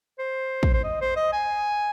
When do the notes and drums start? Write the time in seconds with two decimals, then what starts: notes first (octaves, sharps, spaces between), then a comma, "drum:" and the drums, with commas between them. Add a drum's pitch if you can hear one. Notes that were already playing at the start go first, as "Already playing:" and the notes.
0.19 C5
0.63 drum: kick
0.74 C5
0.84 D#5
1.01 C5
1.16 D#5
1.33 G#5